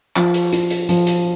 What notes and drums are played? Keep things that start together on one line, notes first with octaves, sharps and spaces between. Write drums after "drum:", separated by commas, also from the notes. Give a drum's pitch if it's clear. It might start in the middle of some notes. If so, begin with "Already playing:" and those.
F3, drum: clap
drum: hi-hat
F4, drum: hi-hat
drum: hi-hat
F3, drum: hi-hat
drum: hi-hat